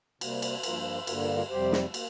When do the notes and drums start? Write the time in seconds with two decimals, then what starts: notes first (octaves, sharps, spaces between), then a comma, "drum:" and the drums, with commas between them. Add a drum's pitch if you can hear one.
0.21 C3 G3 A#3, drum: cymbal
0.42 drum: cymbal
0.63 G2 F3 A#3 F4 A#4, drum: cymbal
1.07 G2 D3 G3 A#3 F4 A#4, drum: cymbal
1.22 F4 A#4
1.36 F4 A#4
1.50 F2 C3 G3 G4 C5
1.72 drum: snare
1.94 A#3, drum: cymbal